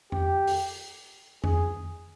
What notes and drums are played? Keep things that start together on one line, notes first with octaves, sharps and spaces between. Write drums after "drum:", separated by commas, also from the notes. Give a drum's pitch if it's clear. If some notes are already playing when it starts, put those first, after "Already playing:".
G4, drum: tom F2
drum: open hi-hat
G#4, drum: tom F2